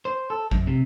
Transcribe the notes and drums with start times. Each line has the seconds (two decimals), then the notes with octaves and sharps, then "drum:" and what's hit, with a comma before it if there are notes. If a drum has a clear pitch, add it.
0.05 C5
0.30 A4
0.51 F#2, drum: kick A1
0.67 C3